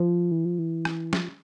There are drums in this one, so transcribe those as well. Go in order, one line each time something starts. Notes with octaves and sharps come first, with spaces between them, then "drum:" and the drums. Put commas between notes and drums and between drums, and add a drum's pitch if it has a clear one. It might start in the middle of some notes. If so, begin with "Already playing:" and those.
Already playing: F3
E3
F3
E3
drum: rim click
F3, drum: snare